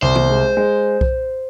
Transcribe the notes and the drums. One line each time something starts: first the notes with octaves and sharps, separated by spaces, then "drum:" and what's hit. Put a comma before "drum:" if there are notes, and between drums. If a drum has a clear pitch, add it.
C2 C5
drum: tom
G#3
G#3
drum: kick B1